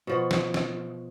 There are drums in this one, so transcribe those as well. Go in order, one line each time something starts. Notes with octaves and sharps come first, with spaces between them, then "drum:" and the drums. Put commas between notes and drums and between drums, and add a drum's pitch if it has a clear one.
B2 F3 F#4
drum: snare
drum: snare